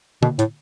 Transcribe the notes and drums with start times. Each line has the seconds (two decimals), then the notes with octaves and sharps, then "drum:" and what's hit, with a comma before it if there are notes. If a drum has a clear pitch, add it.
0.23 B2, drum: tom
0.39 A2, drum: hi-hat